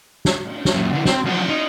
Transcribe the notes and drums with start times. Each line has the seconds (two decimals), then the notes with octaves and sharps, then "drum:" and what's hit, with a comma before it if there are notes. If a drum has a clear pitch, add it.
0.25 drum: snare
0.45 drum: cymbal
0.65 drum: snare
0.74 F#2 A#2
0.93 D3 E3
1.05 C4, drum: snare
1.25 F3 F#3, drum: cymbal
1.49 D#4